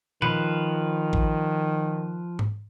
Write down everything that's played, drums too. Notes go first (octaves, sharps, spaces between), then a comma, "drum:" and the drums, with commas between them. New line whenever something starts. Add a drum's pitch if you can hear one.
D#3 F3 B4, drum: tom A#2
drum: kick G#1
drum: tom G#2